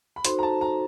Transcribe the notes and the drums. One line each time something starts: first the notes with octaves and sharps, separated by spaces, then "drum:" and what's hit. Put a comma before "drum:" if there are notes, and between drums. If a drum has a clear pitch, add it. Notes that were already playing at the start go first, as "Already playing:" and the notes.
B5
D#4 F#4 A4 C5 C6, drum: hi-hat
A#5
A5
A#5